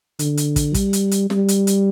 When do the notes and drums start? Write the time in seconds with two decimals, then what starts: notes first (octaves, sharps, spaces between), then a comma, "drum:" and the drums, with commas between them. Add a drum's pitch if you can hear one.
0.19 D3, drum: hi-hat
0.37 drum: hi-hat
0.56 drum: kick, hi-hat
0.74 G3, drum: kick, hi-hat
0.93 drum: hi-hat
1.11 drum: hi-hat
1.30 G3, drum: snare
1.48 drum: hi-hat
1.67 drum: hi-hat